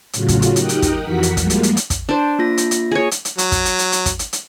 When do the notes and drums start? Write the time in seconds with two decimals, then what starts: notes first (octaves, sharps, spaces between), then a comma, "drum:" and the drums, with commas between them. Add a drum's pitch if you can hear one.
0.13 A2 C#3 F#3 F4 F#4, drum: hi-hat
0.28 drum: kick, hi-hat
0.42 drum: hi-hat
0.56 D#4 G4 A#4 G5 D#6 F#6, drum: hi-hat
0.69 drum: hi-hat
0.82 drum: kick, hi-hat
1.01 F2 E3 F#4 A#4 F#5 B6
1.23 drum: hi-hat
1.37 F3 G3 G#3 A#3, drum: kick, hi-hat
1.50 drum: hi-hat
1.63 drum: hi-hat
1.77 drum: hi-hat
1.90 drum: kick, hi-hat
2.09 D4 C5
2.39 A#3 F4 A#6
2.57 drum: hi-hat
2.71 drum: hi-hat
2.91 G#4 C#5
3.11 drum: hi-hat
3.25 drum: hi-hat
3.38 F#3, drum: hi-hat
3.52 drum: kick, hi-hat
3.65 drum: hi-hat
3.79 drum: hi-hat
3.92 drum: hi-hat
4.06 drum: kick, hi-hat
4.19 drum: hi-hat
4.33 drum: hi-hat